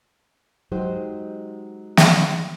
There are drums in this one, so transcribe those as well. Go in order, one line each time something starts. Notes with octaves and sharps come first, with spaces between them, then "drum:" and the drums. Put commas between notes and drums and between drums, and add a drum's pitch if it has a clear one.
F#3 G#3 D#4 G4 C5
drum: snare